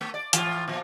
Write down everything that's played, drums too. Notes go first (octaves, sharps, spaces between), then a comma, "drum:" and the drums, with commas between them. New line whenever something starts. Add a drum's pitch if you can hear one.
A3
D5
A2 E3 F4, drum: hi-hat
A#2 F3